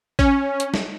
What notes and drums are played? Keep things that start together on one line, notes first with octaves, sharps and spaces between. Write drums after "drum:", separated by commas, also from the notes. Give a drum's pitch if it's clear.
C#4, drum: kick A1
drum: hi-hat
drum: snare